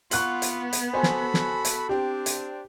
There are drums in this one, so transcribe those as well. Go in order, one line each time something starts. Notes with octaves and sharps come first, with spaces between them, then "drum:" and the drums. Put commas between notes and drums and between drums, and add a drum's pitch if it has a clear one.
B3 F4 F#5 C#6 F#6 F#7, drum: hi-hat
drum: hi-hat
drum: hi-hat
F#4 A4 C5 G#5 B5
drum: snare
drum: snare
drum: hi-hat
C4 D4 G4
drum: hi-hat